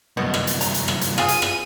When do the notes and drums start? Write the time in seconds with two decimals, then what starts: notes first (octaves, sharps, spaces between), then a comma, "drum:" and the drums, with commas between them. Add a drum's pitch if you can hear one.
0.17 C2 F#2 B2
0.34 drum: rim click
0.47 drum: hi-hat
0.61 A#5, drum: hi-hat
0.74 drum: hi-hat
0.88 drum: rim click
1.01 drum: hi-hat
1.18 F4 G#4 D#7, drum: rim click
1.28 drum: hi-hat
1.42 drum: rim click